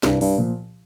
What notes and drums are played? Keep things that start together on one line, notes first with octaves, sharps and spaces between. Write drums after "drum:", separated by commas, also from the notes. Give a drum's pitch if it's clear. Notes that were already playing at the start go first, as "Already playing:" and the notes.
C2 G2, drum: snare
G2, drum: open hi-hat
A#2 F3